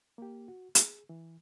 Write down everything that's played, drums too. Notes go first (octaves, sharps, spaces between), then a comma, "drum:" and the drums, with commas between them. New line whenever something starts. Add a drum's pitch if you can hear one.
A#3 G4
F#4
G#4, drum: hi-hat
E3